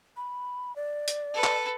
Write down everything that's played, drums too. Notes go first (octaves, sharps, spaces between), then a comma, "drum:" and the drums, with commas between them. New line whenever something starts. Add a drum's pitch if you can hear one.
B5
D5
drum: hi-hat
A4 B4
drum: clap